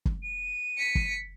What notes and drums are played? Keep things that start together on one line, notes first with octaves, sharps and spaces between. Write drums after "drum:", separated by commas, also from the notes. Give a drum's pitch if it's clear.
drum: kick
D#7
B6 C#7
drum: kick